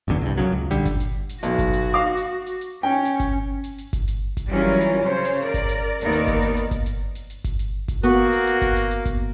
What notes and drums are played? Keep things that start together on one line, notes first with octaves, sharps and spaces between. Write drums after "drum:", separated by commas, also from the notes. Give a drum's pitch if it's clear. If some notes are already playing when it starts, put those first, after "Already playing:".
D1 G1 E2 D3
C2 G2
F#2 A2 C#3 F#3
C#2
A#1 D3 G3, drum: hi-hat
drum: kick G1, hi-hat
drum: hi-hat
drum: hi-hat
B1 F#4, drum: hi-hat
drum: kick G1, hi-hat
drum: hi-hat
F5 D6
drum: hi-hat
drum: hi-hat
drum: hi-hat
C#4 G5
drum: hi-hat
drum: kick G1, hi-hat
drum: hi-hat
drum: hi-hat
drum: kick G1, hi-hat
drum: hi-hat
drum: kick G1, hi-hat
E3 F#3 G3 C#4 F4 A#4
drum: hi-hat
C#3 C5 C#5
drum: hi-hat
A#4 D5
drum: kick G1, hi-hat
drum: hi-hat
D#2 B3 D#4 A#4 D5, drum: hi-hat
drum: hi-hat
drum: kick G1, hi-hat
drum: hi-hat
drum: hi-hat
drum: kick G1, hi-hat
drum: hi-hat
drum: hi-hat
drum: hi-hat
drum: kick G1, hi-hat
drum: hi-hat
drum: kick G1, hi-hat
A#3 B3 F#4, drum: hi-hat
drum: hi-hat
drum: hi-hat
drum: kick G1, hi-hat
drum: hi-hat
drum: hi-hat
drum: kick G1, hi-hat